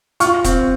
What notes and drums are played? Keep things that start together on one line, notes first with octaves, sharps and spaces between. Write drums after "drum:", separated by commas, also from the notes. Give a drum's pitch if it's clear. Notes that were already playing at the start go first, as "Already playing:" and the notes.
F4 C#6 F6, drum: hi-hat
C4, drum: kick, hi-hat